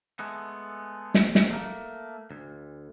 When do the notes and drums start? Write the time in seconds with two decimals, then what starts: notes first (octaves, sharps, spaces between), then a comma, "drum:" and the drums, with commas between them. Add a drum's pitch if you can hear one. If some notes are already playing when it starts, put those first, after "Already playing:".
0.19 G#3 A3 B3
1.14 drum: snare
1.35 drum: snare
1.51 A3 A#3
2.31 D2